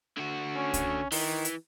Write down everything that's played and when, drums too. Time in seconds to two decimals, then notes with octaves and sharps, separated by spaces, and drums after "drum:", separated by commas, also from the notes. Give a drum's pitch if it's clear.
0.18 D3 F#4
0.56 C#4
0.74 drum: kick C2, hi-hat
1.12 D#3 E3, drum: open hi-hat
1.45 drum: hi-hat